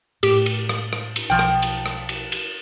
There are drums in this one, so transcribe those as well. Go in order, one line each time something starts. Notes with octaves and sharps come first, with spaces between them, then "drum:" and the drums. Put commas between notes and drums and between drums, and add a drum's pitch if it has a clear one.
A2 G4, drum: cymbal
drum: cymbal
drum: rim click
drum: rim click
drum: cymbal
B1 F3 G5
drum: rim click
drum: cymbal
drum: rim click
drum: cymbal
drum: cymbal